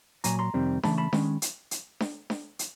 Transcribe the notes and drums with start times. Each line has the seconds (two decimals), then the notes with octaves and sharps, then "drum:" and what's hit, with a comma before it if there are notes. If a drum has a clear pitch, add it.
0.24 A#2 F#3 A#3 G#5 A#5, drum: hi-hat
0.39 A#5 C6
0.54 F2 C3 D#3 G3 C4
0.83 F2 C#3 E3 A3 A5 B5, drum: snare D4
0.98 A5 B5
1.13 D#3 G#3 C#4, drum: snare D4
1.42 drum: hi-hat
1.71 drum: hi-hat
2.00 drum: snare D4
2.30 drum: snare D4
2.59 drum: hi-hat